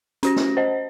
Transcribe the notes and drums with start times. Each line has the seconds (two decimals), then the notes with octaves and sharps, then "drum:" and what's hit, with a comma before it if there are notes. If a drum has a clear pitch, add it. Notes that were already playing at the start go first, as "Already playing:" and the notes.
0.23 C#4 F#4 A#6, drum: hi-hat
0.36 drum: snare
0.57 C5 D#5